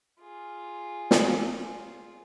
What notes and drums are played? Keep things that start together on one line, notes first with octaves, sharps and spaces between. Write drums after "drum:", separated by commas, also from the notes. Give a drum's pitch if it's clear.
F4 G#4
drum: snare